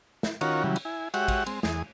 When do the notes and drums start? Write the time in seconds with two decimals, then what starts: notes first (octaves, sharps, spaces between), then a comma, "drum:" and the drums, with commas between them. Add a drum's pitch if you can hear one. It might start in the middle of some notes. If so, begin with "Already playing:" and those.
0.23 drum: snare
0.41 D#3 C#4 F4 F#4 A#4 C#5, drum: cymbal
0.64 C#3 E3 F#3 G3
0.76 drum: cymbal
0.85 E4 G#5
1.14 G#3 F#4 G4 C#5 E5 F#5, drum: cymbal
1.28 drum: kick A1, cymbal
1.46 G#3 C4, drum: cymbal
1.63 E2 G#4 D#6, drum: snare